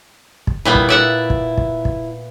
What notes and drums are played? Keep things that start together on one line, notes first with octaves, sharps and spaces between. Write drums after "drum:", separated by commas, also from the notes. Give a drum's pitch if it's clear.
drum: kick
A#2 G3 B3 E4
drum: kick
D5 E5 F#5
drum: kick
drum: kick
drum: kick